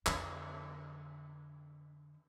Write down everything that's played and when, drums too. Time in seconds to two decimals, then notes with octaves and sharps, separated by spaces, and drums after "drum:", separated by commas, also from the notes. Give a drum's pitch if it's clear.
0.06 F2 D3, drum: clap